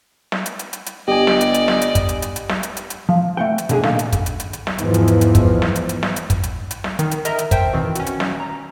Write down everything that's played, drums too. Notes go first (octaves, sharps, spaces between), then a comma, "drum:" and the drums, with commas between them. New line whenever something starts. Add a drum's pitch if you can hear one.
drum: snare
drum: hi-hat
drum: hi-hat
drum: hi-hat
drum: hi-hat
G1 G4 D5 D#5 G#5
drum: snare
drum: hi-hat
drum: hi-hat
drum: snare
drum: hi-hat
drum: kick, hi-hat
drum: hi-hat
drum: hi-hat
drum: hi-hat
drum: snare
drum: hi-hat
drum: hi-hat
drum: hi-hat
F3
A3 F#5 G5
drum: hi-hat
B2 D3 G#4, drum: hi-hat
A#2 D3 D#3, drum: snare
drum: hi-hat
drum: kick, hi-hat
drum: hi-hat
drum: hi-hat
drum: hi-hat
drum: snare
E2 G#2 E3 F3, drum: hi-hat
drum: hi-hat
drum: hi-hat
drum: hi-hat
drum: kick, hi-hat
drum: snare
drum: hi-hat
drum: hi-hat
drum: snare
drum: hi-hat
drum: kick, hi-hat
drum: hi-hat
drum: hi-hat
drum: snare
D#3, drum: hi-hat
drum: hi-hat
A#4 D#5 E5 A#5, drum: hi-hat
drum: hi-hat
C5 E5 G5 A5, drum: kick, hi-hat
B2 D#3 E3 C4
C#4 F#4, drum: hi-hat
drum: hi-hat
drum: snare
A#5